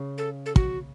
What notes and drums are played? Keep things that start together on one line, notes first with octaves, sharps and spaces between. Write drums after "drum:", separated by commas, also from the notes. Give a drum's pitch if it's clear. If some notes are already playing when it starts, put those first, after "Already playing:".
Already playing: C#3
A4
A4
F#4, drum: kick